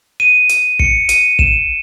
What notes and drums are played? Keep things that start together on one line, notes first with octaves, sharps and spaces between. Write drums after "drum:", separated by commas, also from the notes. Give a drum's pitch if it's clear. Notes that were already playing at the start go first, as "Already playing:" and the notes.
D#7
drum: hi-hat
C#7, drum: kick
D#7, drum: hi-hat
E7, drum: kick